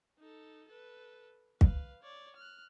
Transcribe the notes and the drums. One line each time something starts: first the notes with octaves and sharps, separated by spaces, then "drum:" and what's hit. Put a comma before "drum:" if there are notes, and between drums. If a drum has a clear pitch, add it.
D#4 A4
A4 B4
B4 F5, drum: kick
C#5 D5
F6 F#6